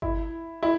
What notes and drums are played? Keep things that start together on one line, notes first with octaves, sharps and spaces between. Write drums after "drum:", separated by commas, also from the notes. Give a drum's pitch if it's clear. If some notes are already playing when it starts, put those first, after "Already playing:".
E4, drum: kick G1
E4